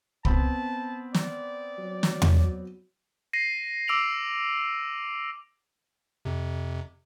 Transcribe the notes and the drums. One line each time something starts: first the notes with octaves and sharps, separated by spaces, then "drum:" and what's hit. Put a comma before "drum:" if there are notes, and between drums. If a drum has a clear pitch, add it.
B3 C4 A5 B5, drum: kick
D5, drum: snare
F#3
drum: snare
drum: tom E2
A#6 C7 D#7
D6 E6 D7 F7 F#7
F2 C3